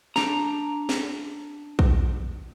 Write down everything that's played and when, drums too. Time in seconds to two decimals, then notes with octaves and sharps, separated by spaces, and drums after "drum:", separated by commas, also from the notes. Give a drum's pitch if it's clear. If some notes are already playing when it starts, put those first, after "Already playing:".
0.16 D4 A#5, drum: snare
0.89 drum: snare
1.79 drum: kick